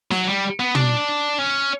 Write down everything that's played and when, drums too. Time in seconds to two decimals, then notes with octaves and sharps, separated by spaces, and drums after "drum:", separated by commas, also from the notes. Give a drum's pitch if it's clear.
0.11 F#3, drum: snare
0.27 G3
0.60 B3
0.75 D4, drum: tom
1.39 C#4